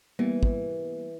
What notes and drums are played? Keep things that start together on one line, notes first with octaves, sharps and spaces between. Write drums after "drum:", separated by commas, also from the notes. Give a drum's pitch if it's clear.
E3 G3 A#3 B3
drum: kick